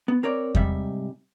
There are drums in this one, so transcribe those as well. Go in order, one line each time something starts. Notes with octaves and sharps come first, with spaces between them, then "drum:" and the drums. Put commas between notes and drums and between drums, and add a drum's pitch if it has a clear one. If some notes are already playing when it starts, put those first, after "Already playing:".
B3
C4 A#4 C#5 D5
G#2 C3 G3 E5, drum: kick E2